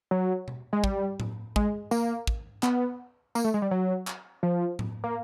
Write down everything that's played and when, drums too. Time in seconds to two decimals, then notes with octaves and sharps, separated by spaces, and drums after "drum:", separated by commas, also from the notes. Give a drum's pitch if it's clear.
0.11 F#3
0.48 drum: tom B2
0.73 G#3
0.84 G3, drum: kick
1.20 drum: tom A2
1.56 G#3, drum: kick
1.91 A#3, drum: tambourine
2.27 drum: kick
2.63 B3, drum: clap
3.35 A#3, drum: tambourine
3.44 A3
3.54 G#3
3.62 G3
3.71 F#3
4.07 drum: clap
4.43 F3
4.79 drum: tom A2
5.04 A#3